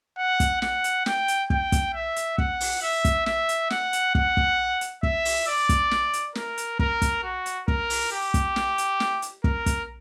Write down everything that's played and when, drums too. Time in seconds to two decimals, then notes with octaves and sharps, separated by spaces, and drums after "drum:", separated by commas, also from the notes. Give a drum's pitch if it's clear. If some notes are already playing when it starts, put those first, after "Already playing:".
0.18 F#5
0.40 drum: kick, hi-hat
0.62 F#5, drum: snare
0.84 drum: hi-hat
1.06 G5, drum: snare
1.28 drum: hi-hat
1.50 G5, drum: kick
1.72 drum: kick, hi-hat
1.94 E5
2.16 drum: hi-hat
2.38 F#5, drum: kick
2.60 drum: open hi-hat
2.82 E5
3.05 drum: kick, hi-hat
3.26 E5, drum: snare
3.49 drum: hi-hat
3.70 F#5, drum: snare
3.93 drum: hi-hat
4.15 F#5, drum: kick
4.37 drum: kick
4.81 drum: hi-hat
5.03 E5, drum: kick
5.25 drum: open hi-hat
5.47 D5
5.69 drum: kick, hi-hat
5.91 drum: snare
6.13 drum: hi-hat
6.35 A#4, drum: snare
6.58 drum: hi-hat
6.79 A#4, drum: kick
7.02 drum: kick, hi-hat
7.23 F#4
7.46 drum: hi-hat
7.68 A#4, drum: kick
7.90 drum: open hi-hat
8.12 G4
8.34 drum: kick, hi-hat
8.56 drum: snare
8.78 drum: hi-hat
9.00 drum: snare
9.22 drum: hi-hat
9.44 A#4, drum: kick
9.66 drum: kick, hi-hat